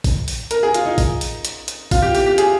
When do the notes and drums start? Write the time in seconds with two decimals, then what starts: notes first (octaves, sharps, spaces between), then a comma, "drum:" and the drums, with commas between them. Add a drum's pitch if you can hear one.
0.04 drum: kick A1, open hi-hat
0.28 drum: open hi-hat
0.51 A#4, drum: hi-hat
0.63 G#4
0.74 F4, drum: hi-hat
0.86 D#4
0.98 drum: kick A1, open hi-hat
1.21 drum: open hi-hat
1.45 drum: hi-hat
1.68 drum: hi-hat
1.91 F4, drum: kick A1, open hi-hat
2.02 G4
2.15 G4, drum: open hi-hat
2.26 G4
2.38 G#4, drum: hi-hat